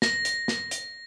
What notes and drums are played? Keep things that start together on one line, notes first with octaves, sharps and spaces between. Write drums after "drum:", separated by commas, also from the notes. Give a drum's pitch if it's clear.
A#6, drum: snare
drum: hi-hat
drum: snare
drum: hi-hat